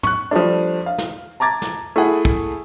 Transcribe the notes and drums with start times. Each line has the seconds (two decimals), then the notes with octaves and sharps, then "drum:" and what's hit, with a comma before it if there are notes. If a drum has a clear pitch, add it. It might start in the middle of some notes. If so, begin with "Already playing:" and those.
0.03 C#6 F#6, drum: tom
0.31 F3 G3 A3 D4
0.86 F5
0.98 drum: snare
1.40 A5 A#5 D6 G#6 A6
1.62 drum: snare
1.96 A3 E4 G#4 F#5
2.25 drum: kick